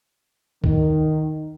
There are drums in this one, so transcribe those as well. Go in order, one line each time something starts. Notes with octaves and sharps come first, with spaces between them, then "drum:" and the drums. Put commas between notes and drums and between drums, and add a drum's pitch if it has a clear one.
D#3, drum: kick C2